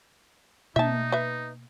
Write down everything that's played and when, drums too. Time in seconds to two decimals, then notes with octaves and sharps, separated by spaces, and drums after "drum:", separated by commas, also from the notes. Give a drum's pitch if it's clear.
0.76 B2 A#3 D#4 E5 A5, drum: tom
1.12 B4 E5